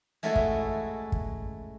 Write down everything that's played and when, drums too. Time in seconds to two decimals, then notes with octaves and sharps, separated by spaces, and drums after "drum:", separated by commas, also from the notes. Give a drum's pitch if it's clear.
0.23 G#3 A3 C#4 E4 F#4 A4
0.36 drum: kick
1.12 drum: kick